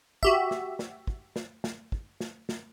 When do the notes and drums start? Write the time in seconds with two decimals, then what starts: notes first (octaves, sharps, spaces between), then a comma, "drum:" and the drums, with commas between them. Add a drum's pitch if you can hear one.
0.23 F#4 G4 E5, drum: kick
0.51 drum: snare
0.79 drum: snare
1.07 drum: kick
1.36 drum: snare
1.64 drum: snare
1.92 drum: kick
2.21 drum: snare
2.49 drum: snare